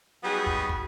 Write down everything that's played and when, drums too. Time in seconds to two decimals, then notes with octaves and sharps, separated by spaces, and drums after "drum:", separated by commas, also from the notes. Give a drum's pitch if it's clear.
0.24 F#3 G3 B3 D#4 F#4 G#4
0.46 drum: kick
0.69 drum: kick